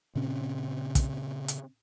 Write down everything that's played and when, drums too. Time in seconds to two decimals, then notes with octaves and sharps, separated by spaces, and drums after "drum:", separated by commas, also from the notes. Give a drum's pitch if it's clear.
0.16 A#2 C#3 C4 C#4
0.95 drum: kick, hi-hat
1.48 drum: hi-hat